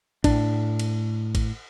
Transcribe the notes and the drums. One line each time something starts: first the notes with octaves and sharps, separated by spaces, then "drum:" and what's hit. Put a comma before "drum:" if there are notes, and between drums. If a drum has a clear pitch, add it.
A2 D4, drum: kick A1, cymbal
drum: cymbal
drum: kick A1, cymbal